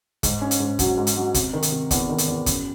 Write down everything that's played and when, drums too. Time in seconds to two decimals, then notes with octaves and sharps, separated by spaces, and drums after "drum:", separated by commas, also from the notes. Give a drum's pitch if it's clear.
0.23 G#2, drum: kick, hi-hat
0.41 C#4
0.51 drum: hi-hat
0.60 G#2
0.79 F#3, drum: kick, hi-hat
0.97 G#2
1.07 drum: hi-hat
1.16 F#3
1.34 C3, drum: kick, hi-hat
1.53 D#3
1.63 drum: hi-hat
1.72 C3
1.91 E2, drum: kick, hi-hat
2.09 D#3
2.18 drum: hi-hat
2.28 E2
2.46 F#2, drum: kick, hi-hat